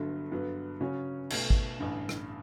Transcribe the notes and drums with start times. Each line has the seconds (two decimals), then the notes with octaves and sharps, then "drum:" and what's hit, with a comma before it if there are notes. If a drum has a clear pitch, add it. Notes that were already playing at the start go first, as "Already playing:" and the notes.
Already playing: G1 G2 D3 F#3
0.32 G2 D3 F#3 B3
0.80 C#3 F#3 C#4 F#4 C#5
1.30 B1 B2 A3, drum: cymbal
1.50 drum: kick G#1
1.79 A1 G2 D3
2.09 drum: rim click